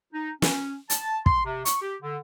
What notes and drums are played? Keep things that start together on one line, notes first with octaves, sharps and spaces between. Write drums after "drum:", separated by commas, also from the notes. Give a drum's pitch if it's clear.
D#4
C#4, drum: snare
A5, drum: hi-hat
C6, drum: kick
C3
C#6, drum: hi-hat
G4
D3